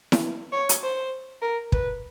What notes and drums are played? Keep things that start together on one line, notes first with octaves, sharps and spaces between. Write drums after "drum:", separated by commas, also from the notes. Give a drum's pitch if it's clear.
drum: snare E4
C#5
drum: hi-hat
C5
A#4
B4, drum: kick